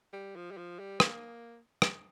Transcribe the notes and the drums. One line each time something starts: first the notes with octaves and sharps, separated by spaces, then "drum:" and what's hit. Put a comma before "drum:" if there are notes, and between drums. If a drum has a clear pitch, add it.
G3
F3
G3
F3
G3
A#3, drum: rim click
drum: rim click